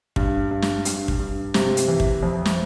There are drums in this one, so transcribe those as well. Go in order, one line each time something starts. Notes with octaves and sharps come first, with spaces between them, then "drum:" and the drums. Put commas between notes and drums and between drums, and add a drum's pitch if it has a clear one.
G2, drum: kick
G2
drum: snare
G2, drum: hi-hat
drum: kick
G2
C3, drum: snare
drum: hi-hat
E3
drum: kick
F2
drum: snare